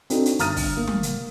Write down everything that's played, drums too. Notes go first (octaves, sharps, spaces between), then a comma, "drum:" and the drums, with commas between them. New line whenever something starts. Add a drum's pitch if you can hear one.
C4 D4 D#4 F#4 A4, drum: hi-hat
drum: hi-hat
G1 A#5 D#6 F6 A6 D#7, drum: hi-hat
drum: kick, open hi-hat
A#3
drum: tom
drum: hi-hat